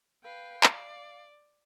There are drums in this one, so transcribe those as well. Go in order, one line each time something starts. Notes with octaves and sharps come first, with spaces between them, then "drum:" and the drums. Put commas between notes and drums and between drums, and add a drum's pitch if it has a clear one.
B4 F5 G5
D5, drum: clap